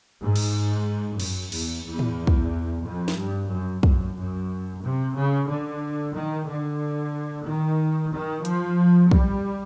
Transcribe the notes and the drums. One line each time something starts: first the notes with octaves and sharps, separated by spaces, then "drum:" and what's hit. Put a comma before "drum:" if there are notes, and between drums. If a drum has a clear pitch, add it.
G#2
drum: cymbal
F#2, drum: cymbal
E2, drum: cymbal
E2
drum: tom A2
drum: kick
F2
drum: snare
G2
F#2
F#2, drum: kick
F#2
C3
C#3
D3
D#3
D3
D#3
D#3
F3, drum: hi-hat
G3, drum: kick